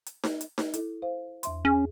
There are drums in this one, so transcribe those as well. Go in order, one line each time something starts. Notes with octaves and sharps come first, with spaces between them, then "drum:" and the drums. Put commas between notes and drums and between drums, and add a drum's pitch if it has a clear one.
drum: hi-hat
drum: snare D#4
drum: hi-hat
drum: snare D#4
E4 A4, drum: hi-hat
C5 F5
E2 E5 C6, drum: hi-hat
C#4 G#4